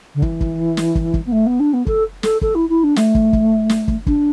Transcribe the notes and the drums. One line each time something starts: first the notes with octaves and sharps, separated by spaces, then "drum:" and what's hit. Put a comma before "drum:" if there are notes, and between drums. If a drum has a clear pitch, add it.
D3
E3, drum: kick
drum: kick
drum: snare
drum: kick
drum: kick
B3
A3
B3
D4
B3
A4, drum: kick
A4, drum: snare
A4, drum: kick
E4
E4
D4
A3, drum: snare
drum: kick
drum: kick
drum: snare
drum: kick
D4, drum: kick